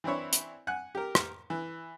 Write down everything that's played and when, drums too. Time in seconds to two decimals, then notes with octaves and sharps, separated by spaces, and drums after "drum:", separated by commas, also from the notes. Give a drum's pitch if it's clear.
0.04 E3 C4 D4 E4 C#5
0.33 drum: hi-hat
0.67 F#5 G#5 F#6
0.95 G4 A#4
1.15 drum: rim click
1.50 E3